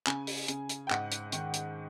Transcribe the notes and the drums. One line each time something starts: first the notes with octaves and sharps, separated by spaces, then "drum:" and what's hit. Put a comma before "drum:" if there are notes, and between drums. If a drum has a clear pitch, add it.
C#3 G#5, drum: clap
drum: open hi-hat
C#3, drum: hi-hat
drum: hi-hat
G5
G#2 F#5, drum: clap
drum: hi-hat
D#3, drum: hi-hat
drum: hi-hat